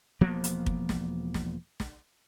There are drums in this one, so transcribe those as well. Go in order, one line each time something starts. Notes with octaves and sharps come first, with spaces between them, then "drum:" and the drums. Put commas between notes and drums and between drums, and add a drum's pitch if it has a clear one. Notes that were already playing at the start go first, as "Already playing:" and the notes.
E1 F3 A#3 B3
drum: hi-hat
drum: kick
drum: snare
drum: snare
drum: snare